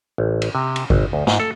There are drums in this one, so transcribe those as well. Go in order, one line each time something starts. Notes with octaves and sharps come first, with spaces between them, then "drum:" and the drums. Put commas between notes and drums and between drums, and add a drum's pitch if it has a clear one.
A1
drum: cymbal
C3
drum: cymbal
G#1, drum: kick G#1
D2
G#2, drum: snare
A4